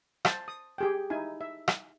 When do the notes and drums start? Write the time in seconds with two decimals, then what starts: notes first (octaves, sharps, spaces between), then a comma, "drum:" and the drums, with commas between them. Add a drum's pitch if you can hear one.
0.25 C5 A5, drum: rim click
0.48 D#6
0.78 G4 G#4 G5
1.10 D#4 E4 G#5
1.41 E5
1.68 drum: rim click